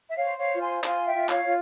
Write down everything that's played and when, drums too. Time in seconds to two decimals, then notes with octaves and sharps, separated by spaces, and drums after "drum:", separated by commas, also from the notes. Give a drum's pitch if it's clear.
0.11 E5
0.17 C#5 F5
0.23 C5
0.38 C#5 F5
0.54 F4
0.61 G#5 C6
0.84 F4 G#5 C6, drum: clap
1.06 E5 G5
1.14 F4
1.29 C#5 F5, drum: clap
1.45 F4